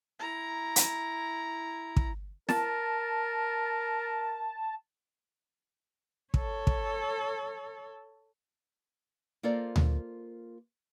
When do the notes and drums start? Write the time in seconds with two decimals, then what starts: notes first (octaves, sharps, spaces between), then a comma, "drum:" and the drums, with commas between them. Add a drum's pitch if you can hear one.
0.20 E4 A#5
0.76 drum: hi-hat
1.97 drum: kick
2.49 A#4 A5, drum: snare
6.34 A4 C#5, drum: kick
6.67 drum: kick
9.43 A#3 F4 A4 A#4 C5 D5
9.76 drum: tom D2